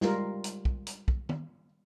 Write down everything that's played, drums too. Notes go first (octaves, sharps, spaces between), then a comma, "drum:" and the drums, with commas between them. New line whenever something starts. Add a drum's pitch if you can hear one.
G3 G#3 F4 A#4, drum: snare
drum: hi-hat
drum: kick
drum: hi-hat
drum: kick
drum: tom D#3